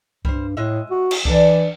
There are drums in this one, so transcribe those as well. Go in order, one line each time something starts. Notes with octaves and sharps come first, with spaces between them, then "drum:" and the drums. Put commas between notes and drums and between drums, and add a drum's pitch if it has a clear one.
G2 G3 C5, drum: kick C2
A2 G#3 D#5 E5
F#4
drum: cymbal
E3 D4 A4 D5, drum: kick C2